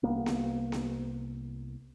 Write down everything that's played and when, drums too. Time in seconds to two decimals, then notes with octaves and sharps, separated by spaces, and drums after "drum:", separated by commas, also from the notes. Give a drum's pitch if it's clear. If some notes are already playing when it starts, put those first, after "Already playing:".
0.03 C2 A#3 B3
0.26 drum: snare B3
0.72 drum: snare B3